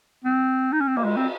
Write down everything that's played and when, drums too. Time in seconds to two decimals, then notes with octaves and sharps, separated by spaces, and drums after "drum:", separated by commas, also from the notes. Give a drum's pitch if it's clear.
0.24 C4
0.72 D#4
0.80 C#4
0.88 C4
0.97 A#3, drum: cymbal
1.04 G#3
1.16 C4